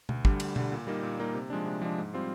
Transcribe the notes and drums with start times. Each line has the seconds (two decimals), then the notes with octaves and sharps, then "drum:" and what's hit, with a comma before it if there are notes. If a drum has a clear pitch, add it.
0.09 D2, drum: tom B2
0.25 D3 G3, drum: kick
0.40 D2, drum: cymbal
0.56 D3 G3, drum: tom B2
0.72 A#2
0.87 G3 A#3 D#4
1.03 A#2
1.19 G3 A#3 D#4
1.34 C3
1.50 F3 G#3 D4
1.66 C3
1.82 F3 G#3 D4
1.98 G#2
2.14 G3 C4 F4